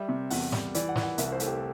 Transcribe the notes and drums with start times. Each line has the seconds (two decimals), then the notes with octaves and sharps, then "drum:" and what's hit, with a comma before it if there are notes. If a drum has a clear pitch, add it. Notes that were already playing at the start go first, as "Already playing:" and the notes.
Already playing: G3 E5
0.09 C3
0.30 E2 F#5, drum: open hi-hat
0.52 G3, drum: snare
0.75 E3 D5, drum: hi-hat
0.89 F#5
0.96 E3, drum: snare
1.03 F#5
1.18 C2 E5, drum: hi-hat
1.32 C5
1.40 A3, drum: hi-hat
1.46 G4